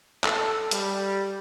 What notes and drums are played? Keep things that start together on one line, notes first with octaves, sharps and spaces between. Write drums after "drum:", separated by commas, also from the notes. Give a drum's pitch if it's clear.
A4, drum: clap
G3, drum: hi-hat